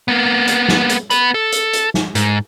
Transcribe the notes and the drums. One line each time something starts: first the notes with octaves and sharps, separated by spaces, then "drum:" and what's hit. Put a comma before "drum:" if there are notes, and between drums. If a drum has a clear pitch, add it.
A#3 B3
drum: hi-hat
drum: snare
drum: hi-hat
B3 B5, drum: hi-hat
A4
drum: hi-hat
drum: hi-hat
drum: snare
G#2, drum: hi-hat